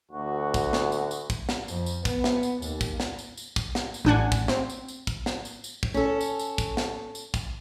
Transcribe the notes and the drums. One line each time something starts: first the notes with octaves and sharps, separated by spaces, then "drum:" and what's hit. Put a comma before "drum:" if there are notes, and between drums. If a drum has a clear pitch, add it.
D2 F#4
drum: kick, tambourine
drum: snare
drum: tambourine
drum: tambourine
drum: kick, tambourine
drum: snare
F2, drum: tambourine
drum: tambourine
B3, drum: kick, tambourine
drum: snare
drum: tambourine
D#2, drum: tambourine
drum: kick, tambourine
drum: snare
drum: tambourine
drum: tambourine
drum: kick, tambourine
drum: snare
drum: tambourine
A1 D4 F#5 G#5
drum: kick, tambourine
C4, drum: snare
drum: tambourine
drum: tambourine
drum: kick, tambourine
drum: snare
drum: tambourine
drum: tambourine
drum: kick
C#4 A4
drum: tambourine
drum: tambourine
drum: kick, tambourine
drum: snare
drum: tambourine
drum: kick, tambourine